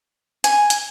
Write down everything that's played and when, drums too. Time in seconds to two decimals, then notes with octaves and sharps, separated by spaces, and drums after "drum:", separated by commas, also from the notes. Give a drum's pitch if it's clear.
0.44 G#5, drum: hi-hat
0.70 drum: hi-hat